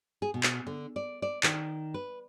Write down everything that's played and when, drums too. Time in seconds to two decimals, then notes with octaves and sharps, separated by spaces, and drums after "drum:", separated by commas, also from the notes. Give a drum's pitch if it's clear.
0.22 G#4
0.34 B2
0.43 drum: clap
0.67 D3
0.96 D5
1.22 D5
1.43 D#3, drum: clap
1.94 B4